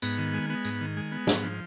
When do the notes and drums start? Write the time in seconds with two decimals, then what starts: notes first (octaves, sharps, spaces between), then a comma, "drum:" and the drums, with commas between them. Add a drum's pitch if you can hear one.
0.02 G#2 B3, drum: tambourine
0.18 D#3
0.34 G#3
0.50 B3
0.65 G#2, drum: tambourine
0.81 D#3
0.97 G#3
1.12 B3
1.27 G#2, drum: snare
1.43 F3